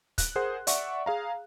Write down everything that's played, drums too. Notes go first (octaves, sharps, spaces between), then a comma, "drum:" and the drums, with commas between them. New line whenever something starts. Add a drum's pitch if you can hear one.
F#6, drum: kick, hi-hat
G#4 A#4 C5 F#5 C6
D5 E5 F#5 C#6, drum: hi-hat
G#4 F5 A#5